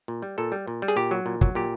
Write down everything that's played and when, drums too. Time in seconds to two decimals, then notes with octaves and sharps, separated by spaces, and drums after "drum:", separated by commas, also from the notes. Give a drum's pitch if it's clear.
0.08 A#2
0.22 G3
0.38 A#2 A4
0.52 G3
0.67 A#2
0.82 G3
0.88 G#4, drum: hi-hat
0.96 A#2 G4
1.11 F#3
1.26 A#2
1.41 F#3, drum: kick
1.55 A#2 G4